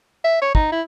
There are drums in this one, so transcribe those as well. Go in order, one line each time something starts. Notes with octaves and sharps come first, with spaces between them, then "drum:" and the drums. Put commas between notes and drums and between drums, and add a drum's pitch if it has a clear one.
E5
C#5
D#4, drum: kick
E4